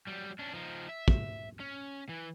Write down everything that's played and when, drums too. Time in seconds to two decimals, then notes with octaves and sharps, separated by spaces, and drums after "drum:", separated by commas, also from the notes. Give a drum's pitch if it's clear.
0.07 F#3 G3
0.39 C#4 D4
0.54 F3 D#4
0.89 E5
1.08 drum: kick
1.60 C#4
2.09 E3